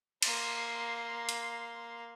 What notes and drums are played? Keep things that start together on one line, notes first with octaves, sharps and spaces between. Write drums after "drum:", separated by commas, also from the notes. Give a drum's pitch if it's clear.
A#3 C6, drum: cymbal
drum: hi-hat